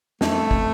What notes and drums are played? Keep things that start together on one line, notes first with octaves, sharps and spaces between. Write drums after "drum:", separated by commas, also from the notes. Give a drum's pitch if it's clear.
F2 F3 A3, drum: snare
drum: kick